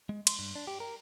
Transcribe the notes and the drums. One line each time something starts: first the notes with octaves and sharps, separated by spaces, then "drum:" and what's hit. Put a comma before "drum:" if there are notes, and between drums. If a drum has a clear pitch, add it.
G#3
C6, drum: cymbal
G2
D4
G4
A#4